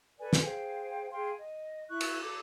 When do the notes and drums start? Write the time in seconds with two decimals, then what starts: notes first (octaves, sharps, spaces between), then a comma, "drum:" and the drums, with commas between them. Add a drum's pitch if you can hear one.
0.19 A4 B4 D5 G#5
0.33 drum: snare
0.45 G#4 C5 F5 G5
1.12 G#4 F5 G5 C6
1.38 D#5
1.89 E4 C#6 F#6
2.01 drum: cymbal
2.21 A4 D6